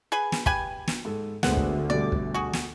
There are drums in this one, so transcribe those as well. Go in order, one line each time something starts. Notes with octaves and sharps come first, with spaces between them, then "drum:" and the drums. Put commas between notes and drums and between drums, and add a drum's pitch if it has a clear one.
G#4 B4 G#5
drum: snare
G4 B4 G#5, drum: kick
drum: snare
G#2 A4
D2 G#3 B3 C5 F#5, drum: snare
drum: kick
B2 G3 D5
drum: kick
F#4 G#4
drum: snare